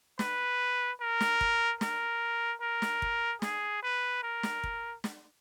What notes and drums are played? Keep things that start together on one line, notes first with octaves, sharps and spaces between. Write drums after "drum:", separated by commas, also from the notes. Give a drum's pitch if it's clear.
B4, drum: snare
A#4
drum: snare
drum: kick
A#4, drum: snare
A#4
drum: snare
drum: kick
G#4, drum: snare
B4
A#4
drum: snare
drum: kick
drum: snare